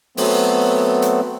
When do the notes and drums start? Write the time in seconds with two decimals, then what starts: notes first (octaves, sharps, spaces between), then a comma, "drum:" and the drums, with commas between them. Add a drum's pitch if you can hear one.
0.17 F#3 A3 B3 C4, drum: open hi-hat
1.02 drum: hi-hat